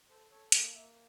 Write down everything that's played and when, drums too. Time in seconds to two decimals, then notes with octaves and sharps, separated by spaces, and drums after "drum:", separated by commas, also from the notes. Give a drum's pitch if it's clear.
0.10 A4 C5
0.31 A4 C#5
0.52 A#3 D#5, drum: hi-hat
0.74 A#3 E5